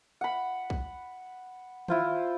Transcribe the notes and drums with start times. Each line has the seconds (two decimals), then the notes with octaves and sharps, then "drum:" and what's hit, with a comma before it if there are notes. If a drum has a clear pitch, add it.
0.21 F#5 B5
0.70 drum: kick B1
1.88 E4 F4 C5, drum: tom D#3